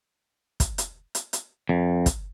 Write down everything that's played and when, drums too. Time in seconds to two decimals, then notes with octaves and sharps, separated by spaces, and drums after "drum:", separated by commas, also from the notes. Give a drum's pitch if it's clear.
0.60 drum: kick, hi-hat
0.78 drum: hi-hat
1.15 drum: hi-hat
1.33 drum: hi-hat
1.69 F2
2.06 drum: kick, hi-hat